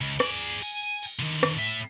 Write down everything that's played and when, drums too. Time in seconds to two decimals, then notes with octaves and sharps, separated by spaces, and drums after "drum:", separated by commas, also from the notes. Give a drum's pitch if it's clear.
0.01 C#2
0.20 G#4 D5, drum: rim click
0.62 G#5, drum: cymbal
0.83 drum: cymbal
1.03 drum: cymbal
1.19 D3 D#3
1.43 drum: rim click
1.57 A2 E5